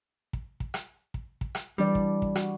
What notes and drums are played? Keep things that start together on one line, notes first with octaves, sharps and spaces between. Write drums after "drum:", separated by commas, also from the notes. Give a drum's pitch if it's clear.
drum: kick
drum: kick
drum: rim click
drum: kick
drum: kick
drum: rim click
E3 G3 D4 D5
drum: kick
drum: kick
F#4, drum: rim click